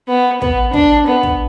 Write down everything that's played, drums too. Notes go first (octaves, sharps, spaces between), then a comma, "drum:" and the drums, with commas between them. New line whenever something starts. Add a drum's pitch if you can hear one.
B3
B3, drum: kick
D4, drum: kick
B3
drum: kick